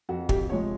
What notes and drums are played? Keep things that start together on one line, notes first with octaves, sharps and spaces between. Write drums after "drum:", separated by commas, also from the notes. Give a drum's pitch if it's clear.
F2 F#4
G4, drum: kick
C3 F3 G#3 C#5